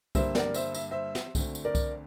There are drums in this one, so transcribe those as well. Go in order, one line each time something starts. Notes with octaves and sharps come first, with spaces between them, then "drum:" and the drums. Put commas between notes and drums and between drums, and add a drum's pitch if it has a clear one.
G2 D3 G3 A#3 C5 E5, drum: kick C2, tambourine
A#4 D5, drum: snare
C5 E5, drum: tambourine
E5, drum: tambourine
C5 E5
drum: snare
D2 D3 A3 C4, drum: kick C2, tambourine
drum: tambourine
A#4 D5
drum: kick C2, tambourine